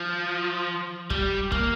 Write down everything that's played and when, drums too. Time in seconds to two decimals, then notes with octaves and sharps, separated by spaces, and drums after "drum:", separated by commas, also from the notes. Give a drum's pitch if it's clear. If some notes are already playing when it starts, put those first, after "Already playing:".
Already playing: F3
1.10 G3, drum: kick
1.52 A#3, drum: kick